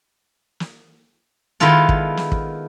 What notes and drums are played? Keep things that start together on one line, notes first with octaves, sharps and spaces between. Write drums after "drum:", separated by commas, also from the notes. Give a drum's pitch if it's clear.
drum: snare
D#3 G#3 B3 E4 F4 A4, drum: snare
drum: kick
drum: snare
drum: kick